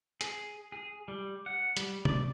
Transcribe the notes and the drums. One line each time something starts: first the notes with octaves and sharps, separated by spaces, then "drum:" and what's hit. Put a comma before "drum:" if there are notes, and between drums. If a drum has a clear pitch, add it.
G#4, drum: hi-hat
G#4
G3
F#5
G3, drum: hi-hat
D5, drum: tom C3